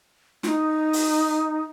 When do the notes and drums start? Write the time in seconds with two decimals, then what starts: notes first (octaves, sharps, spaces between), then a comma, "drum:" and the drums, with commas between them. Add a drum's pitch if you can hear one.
0.43 F4, drum: snare
0.48 D#4
0.93 drum: open hi-hat